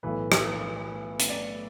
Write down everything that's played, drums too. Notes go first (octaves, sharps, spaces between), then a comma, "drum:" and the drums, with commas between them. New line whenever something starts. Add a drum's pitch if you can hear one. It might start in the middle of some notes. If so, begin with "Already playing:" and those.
B1 A2 E3 A3 B4
drum: rim click
drum: hi-hat
D5